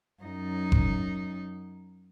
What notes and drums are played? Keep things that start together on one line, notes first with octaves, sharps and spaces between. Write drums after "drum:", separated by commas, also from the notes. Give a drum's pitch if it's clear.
F#2 D#4
drum: kick F#1